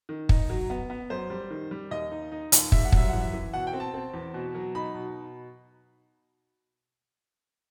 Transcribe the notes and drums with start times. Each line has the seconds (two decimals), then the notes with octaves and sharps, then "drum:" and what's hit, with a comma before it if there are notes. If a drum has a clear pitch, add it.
0.09 D#3
0.29 D#4, drum: kick
0.50 F#3
0.70 B3
0.90 B3
1.10 F#2 C5
1.30 G3
1.50 D#3
1.71 G3
1.91 D#2 D#5
2.11 D#4
2.32 D#4
2.52 D#2, drum: hi-hat
2.72 G3 E5, drum: kick
2.85 F#5
2.92 F#2 E5, drum: kick
3.09 E3 F#5
3.21 E5
3.33 E3
3.53 B2 F#5
3.67 G5
3.73 C4
3.80 A5
3.94 C4
4.14 E2
4.34 B2
4.55 F#3
4.75 D#4 B5
4.95 B2